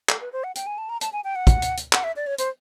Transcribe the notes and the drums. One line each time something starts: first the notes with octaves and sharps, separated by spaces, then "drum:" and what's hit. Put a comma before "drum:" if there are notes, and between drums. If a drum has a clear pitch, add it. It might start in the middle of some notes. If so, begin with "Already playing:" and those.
A4, drum: clap
B4
C5
F#5
G5, drum: hi-hat
G#5
A5
A#5
A5, drum: hi-hat
G#5
G5
F#5
drum: kick, hi-hat
drum: hi-hat
drum: hi-hat
F#5, drum: clap
E5
D5
C#5
C5, drum: hi-hat